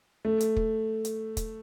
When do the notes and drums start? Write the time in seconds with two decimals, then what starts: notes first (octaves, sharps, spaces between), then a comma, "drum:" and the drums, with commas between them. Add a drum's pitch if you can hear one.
0.25 A3
0.40 drum: hi-hat
0.57 drum: kick
1.05 drum: hi-hat
1.37 drum: kick, hi-hat